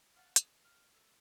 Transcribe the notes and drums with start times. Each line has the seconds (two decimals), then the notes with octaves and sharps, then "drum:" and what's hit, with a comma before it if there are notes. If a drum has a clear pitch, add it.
0.16 F5 F#5 A5
0.36 G#4 D#5, drum: hi-hat
0.64 F5
0.94 A3 E6